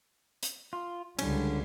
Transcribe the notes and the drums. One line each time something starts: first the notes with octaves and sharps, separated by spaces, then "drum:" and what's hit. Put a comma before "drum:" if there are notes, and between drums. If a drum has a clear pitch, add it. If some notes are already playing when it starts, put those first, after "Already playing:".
drum: hi-hat
F4
C#2 D3 G3 C#4, drum: cymbal